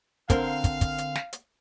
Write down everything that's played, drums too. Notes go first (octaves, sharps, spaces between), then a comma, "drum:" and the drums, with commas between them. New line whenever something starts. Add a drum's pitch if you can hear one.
D3 C4 A#4 F5, drum: kick, hi-hat
drum: kick, hi-hat
drum: kick, hi-hat
drum: hi-hat
drum: snare
drum: hi-hat